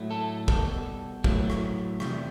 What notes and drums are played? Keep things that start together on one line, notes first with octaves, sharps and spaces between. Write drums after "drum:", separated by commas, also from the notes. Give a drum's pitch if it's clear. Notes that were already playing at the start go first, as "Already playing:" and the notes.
Already playing: A2 F#3 A3
A4
B2 G3 A4, drum: kick
A2 F#3 A3, drum: kick
drum: rim click
E2 C3 G3, drum: rim click